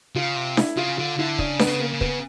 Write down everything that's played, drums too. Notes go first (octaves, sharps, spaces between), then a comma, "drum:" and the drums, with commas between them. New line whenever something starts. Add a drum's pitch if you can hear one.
C#3 F4
C3
E4, drum: snare D4
C#3 F4
D3 F4
D3 E4
C#3 D4, drum: kick
B3, drum: snare D4
C#3
A#3
C#3
B3, drum: kick